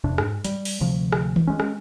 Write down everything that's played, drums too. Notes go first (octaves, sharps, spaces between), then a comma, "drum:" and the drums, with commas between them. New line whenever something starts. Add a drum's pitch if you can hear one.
D#1 F2 C3 D4
G#2, drum: rim click
G3, drum: hi-hat
drum: open hi-hat
D2 C3 F3
drum: rim click
drum: tom D#3
G#3 C#4
drum: rim click